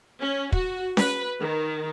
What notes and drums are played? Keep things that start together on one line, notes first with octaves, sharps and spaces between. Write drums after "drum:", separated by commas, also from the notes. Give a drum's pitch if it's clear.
C#4
F#4, drum: kick
B4, drum: snare C#4
D#3